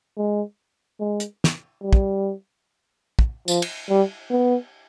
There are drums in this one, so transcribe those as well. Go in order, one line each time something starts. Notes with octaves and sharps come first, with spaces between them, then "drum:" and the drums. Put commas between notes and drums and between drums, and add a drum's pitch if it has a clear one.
G#3
G#3
drum: hi-hat
drum: snare
G3
drum: kick
drum: kick
F3, drum: tambourine
drum: cymbal
G3
B3